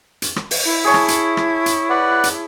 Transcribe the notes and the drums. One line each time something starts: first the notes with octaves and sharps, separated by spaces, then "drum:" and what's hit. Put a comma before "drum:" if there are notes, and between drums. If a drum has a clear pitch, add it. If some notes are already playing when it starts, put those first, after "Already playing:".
drum: hi-hat
drum: rim click
drum: open hi-hat
E4
G#4 C#5 A5
drum: rim click
drum: hi-hat
drum: rim click
drum: hi-hat
B4 D5 F#5
drum: hi-hat